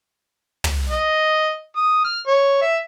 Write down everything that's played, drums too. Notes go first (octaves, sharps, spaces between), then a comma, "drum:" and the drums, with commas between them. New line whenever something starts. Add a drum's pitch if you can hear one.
drum: tom
D#5
D#6
F6
C#5
E5